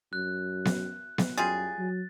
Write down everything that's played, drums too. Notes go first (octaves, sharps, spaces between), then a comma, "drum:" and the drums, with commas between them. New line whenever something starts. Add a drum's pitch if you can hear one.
F#2 F#6
drum: snare B3
drum: snare B3
F#2 G3 F4 G#4 A6
F#3